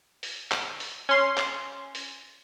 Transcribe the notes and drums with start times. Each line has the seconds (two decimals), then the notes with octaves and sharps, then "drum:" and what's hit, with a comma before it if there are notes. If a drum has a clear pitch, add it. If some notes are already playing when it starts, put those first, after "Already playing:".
0.23 drum: open hi-hat
0.52 drum: clap
0.80 drum: open hi-hat
1.09 C#4 C6
1.37 drum: clap
1.95 drum: open hi-hat